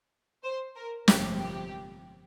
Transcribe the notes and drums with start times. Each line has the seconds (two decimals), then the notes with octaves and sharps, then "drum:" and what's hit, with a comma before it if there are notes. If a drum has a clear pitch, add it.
0.44 C5
0.76 A#4
1.08 G1 F2 C3 F3 G4, drum: snare
1.40 G4